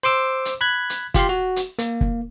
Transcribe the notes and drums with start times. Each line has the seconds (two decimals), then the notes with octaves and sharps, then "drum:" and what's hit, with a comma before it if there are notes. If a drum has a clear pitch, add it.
0.03 C5 C6 D6 E6
0.45 drum: hi-hat
0.61 B5 F#6 G#6
0.90 drum: hi-hat
1.14 F4 G4 F5 C6, drum: kick, hi-hat
1.29 F#4
1.56 drum: hi-hat
1.79 A#3, drum: hi-hat
2.01 drum: kick